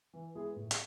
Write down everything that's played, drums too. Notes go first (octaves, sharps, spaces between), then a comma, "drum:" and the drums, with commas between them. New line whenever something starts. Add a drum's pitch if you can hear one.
E3
G#3 B3 E4 G#4
A2
drum: hi-hat